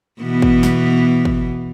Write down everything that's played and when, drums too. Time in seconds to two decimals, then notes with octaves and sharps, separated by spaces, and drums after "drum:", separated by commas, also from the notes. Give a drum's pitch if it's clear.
0.22 B2 E3 B3
0.42 drum: kick
0.63 drum: snare
1.25 drum: kick